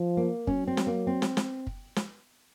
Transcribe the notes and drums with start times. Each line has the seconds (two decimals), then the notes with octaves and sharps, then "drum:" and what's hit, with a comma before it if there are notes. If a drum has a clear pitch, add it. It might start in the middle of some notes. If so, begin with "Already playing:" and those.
Already playing: F3
0.17 A#3
0.47 F#3 C#4, drum: kick
0.67 C4
0.77 drum: snare
0.87 A#3
1.07 C4
1.22 drum: snare
1.37 drum: snare
1.67 drum: kick
1.96 drum: snare